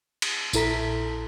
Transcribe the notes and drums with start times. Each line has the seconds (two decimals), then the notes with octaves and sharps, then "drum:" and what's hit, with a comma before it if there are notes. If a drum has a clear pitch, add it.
0.22 drum: cymbal
0.53 A#1 E4 A4 A#5 B6, drum: tambourine